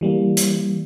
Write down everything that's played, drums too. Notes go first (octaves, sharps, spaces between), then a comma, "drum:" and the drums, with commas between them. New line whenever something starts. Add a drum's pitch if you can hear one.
E3 G3 A#3
drum: hi-hat